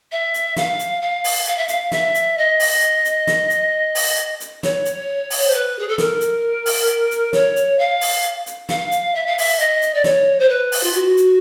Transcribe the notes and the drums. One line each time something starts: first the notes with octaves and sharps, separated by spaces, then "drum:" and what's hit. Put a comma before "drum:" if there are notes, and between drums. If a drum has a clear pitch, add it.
E5
drum: hi-hat
F5, drum: snare
drum: hi-hat
F5
drum: open hi-hat
F5
E5
F5, drum: hi-hat
E5, drum: snare
drum: hi-hat
D#5
drum: open hi-hat
drum: hi-hat
drum: snare
drum: hi-hat
drum: open hi-hat
drum: hi-hat
C#5, drum: snare
drum: hi-hat
drum: open hi-hat
C5
B4
G#4
A4
A#4, drum: snare
drum: hi-hat
drum: open hi-hat
drum: hi-hat
C#5, drum: snare
drum: hi-hat
F5
drum: open hi-hat
drum: hi-hat
F5, drum: snare
drum: hi-hat
E5
F5
E5, drum: open hi-hat
D#5
drum: hi-hat
D5
C#5, drum: snare
C5
B4
drum: open hi-hat
F4
F#4
drum: hi-hat